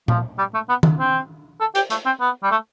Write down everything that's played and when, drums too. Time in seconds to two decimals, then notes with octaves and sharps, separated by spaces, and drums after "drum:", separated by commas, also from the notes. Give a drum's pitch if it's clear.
0.08 F3, drum: tom A#2
0.38 G3
0.54 A3
0.69 B3
0.83 drum: tom D#3
0.99 C4
1.60 A4
1.75 G4, drum: hi-hat
1.90 A3, drum: hi-hat
2.06 C4
2.20 B3
2.43 G3
2.51 A3